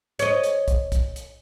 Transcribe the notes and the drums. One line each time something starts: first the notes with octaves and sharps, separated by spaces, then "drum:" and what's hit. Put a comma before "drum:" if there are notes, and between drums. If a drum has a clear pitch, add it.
C#5 D#5, drum: hi-hat
drum: hi-hat
drum: kick, hi-hat
drum: kick, hi-hat
drum: hi-hat